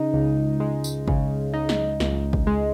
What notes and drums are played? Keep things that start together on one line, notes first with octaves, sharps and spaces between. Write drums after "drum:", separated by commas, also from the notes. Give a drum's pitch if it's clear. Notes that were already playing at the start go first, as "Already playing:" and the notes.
Already playing: C#3 D#4
C#2
G#3
drum: tambourine
C#3, drum: kick G#1
D#4
drum: snare
C#2, drum: snare
drum: kick G#1
G#3